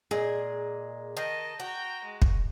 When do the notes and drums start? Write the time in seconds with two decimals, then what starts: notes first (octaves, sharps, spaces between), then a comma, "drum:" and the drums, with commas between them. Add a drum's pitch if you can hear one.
0.11 A#2 G#3 G#4
1.17 D#3 D#5 A5
1.60 F#4 G5 A#5
2.04 G#3
2.22 drum: kick